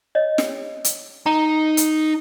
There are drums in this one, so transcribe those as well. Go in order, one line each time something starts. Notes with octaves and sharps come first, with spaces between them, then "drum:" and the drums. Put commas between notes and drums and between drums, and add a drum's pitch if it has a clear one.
C#5 D#5
drum: snare
drum: hi-hat
D#4 A#5
drum: hi-hat